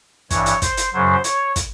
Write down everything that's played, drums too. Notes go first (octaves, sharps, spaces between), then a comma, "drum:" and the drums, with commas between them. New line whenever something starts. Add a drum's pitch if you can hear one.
G2 E3 C#5, drum: kick, hi-hat
drum: hi-hat
C5, drum: kick, hi-hat
drum: hi-hat
F#2 C#3 F#3 C5
C#5, drum: hi-hat
drum: kick, hi-hat